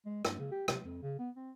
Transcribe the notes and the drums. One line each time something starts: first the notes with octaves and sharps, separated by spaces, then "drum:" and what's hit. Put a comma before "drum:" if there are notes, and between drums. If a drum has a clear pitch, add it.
G#3
G2, drum: rim click
C#3
G4
C3, drum: rim click
F2
C#3
B3
C4